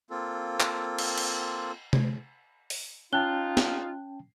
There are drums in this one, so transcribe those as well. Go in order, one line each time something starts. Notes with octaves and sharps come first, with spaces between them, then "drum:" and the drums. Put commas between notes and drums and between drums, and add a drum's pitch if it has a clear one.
A#3 C4 F4 A4
drum: clap
drum: cymbal
drum: cymbal
drum: tom C3
drum: open hi-hat
C#4 D#4 F4 G5 A5 F#6 G7
drum: snare